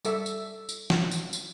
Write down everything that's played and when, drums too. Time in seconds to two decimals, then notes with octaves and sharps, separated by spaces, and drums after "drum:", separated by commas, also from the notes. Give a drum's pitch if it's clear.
0.05 G3 A4 E5, drum: tambourine
0.26 drum: tambourine
0.69 drum: tambourine
0.90 drum: snare
1.11 drum: tambourine
1.33 drum: tambourine